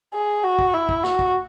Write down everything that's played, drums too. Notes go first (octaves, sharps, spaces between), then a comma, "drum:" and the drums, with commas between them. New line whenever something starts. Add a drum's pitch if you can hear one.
G#4
F#4
drum: kick
E4
drum: kick
F#4, drum: snare
drum: kick